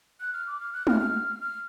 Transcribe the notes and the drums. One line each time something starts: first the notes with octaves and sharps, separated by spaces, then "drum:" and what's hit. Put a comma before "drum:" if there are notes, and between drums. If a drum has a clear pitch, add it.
F#6
F6
D6
F6
F#6
F6, drum: tom G#3
F6
F6